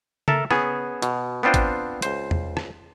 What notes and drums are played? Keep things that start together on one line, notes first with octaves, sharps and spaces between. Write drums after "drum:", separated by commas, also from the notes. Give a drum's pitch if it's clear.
A4 A#4 E5 A5, drum: tom C#3
B3 C#4 G#4, drum: rim click
B2, drum: hi-hat
B3 C4 D4 F4 C5 G5
drum: kick, hi-hat
C#2 C5, drum: hi-hat
drum: tom E2
drum: rim click